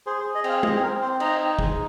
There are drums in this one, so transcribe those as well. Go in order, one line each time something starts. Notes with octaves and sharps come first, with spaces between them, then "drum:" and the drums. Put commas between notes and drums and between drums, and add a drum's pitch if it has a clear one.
G#4 C5
C5
G#4
D#5
C4 F5, drum: cymbal
C4 D#5, drum: tom
G#4
C4 A#4
C4 C5
D#4 D#5, drum: cymbal
D#4
G#3, drum: kick G1